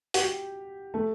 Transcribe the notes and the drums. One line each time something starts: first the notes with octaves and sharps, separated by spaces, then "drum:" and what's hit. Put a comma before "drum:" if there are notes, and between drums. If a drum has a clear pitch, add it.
F#4, drum: open hi-hat
G4
A3